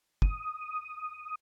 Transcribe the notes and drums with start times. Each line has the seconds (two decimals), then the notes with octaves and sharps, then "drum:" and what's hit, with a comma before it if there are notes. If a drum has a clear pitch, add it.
0.22 D#6, drum: kick